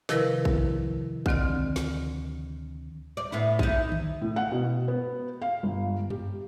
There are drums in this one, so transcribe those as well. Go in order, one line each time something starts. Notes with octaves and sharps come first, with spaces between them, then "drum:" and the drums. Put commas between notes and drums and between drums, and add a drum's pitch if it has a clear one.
C3 D#3 F3 E4 A#4 B4, drum: snare
drum: kick A#1
D2 D3 D#3 C4 D5 F6, drum: kick A#1
drum: snare
D5
A2 B3 E4
D#4 E4, drum: kick A#1
drum: tom D3
A2
F#5
B2
B3
F5
G1
G4, drum: tom F#2